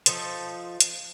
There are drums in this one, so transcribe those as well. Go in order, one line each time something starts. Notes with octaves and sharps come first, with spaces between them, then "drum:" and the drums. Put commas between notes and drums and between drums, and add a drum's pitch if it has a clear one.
F3 D#4 A4 C5, drum: hi-hat
drum: hi-hat